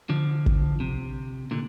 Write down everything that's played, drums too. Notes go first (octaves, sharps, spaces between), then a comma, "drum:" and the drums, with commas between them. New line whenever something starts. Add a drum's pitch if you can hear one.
D3 F3
drum: kick
C3
A#2 D3